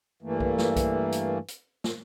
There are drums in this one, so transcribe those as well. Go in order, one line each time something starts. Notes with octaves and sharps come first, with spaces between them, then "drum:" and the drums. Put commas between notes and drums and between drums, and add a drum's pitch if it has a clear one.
G2 E3 A3 A#3
drum: kick B1
drum: snare
drum: kick B1, hi-hat
drum: hi-hat
drum: hi-hat
drum: snare